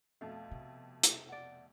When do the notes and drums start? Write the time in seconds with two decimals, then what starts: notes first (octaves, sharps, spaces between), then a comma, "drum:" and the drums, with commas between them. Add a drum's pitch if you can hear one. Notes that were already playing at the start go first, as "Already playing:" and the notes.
0.21 F2 B2 A3 F5
0.51 C3
1.03 drum: hi-hat
1.29 D5 F#5